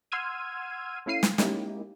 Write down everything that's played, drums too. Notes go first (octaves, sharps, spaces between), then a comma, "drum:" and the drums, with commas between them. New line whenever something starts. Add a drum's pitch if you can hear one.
F#5 C6 E6 F6 G#6 D#7
A3 C#4 E4 F5 C7 D#7
drum: snare
G#3 A#3 C#4 D#4 E4 G4, drum: snare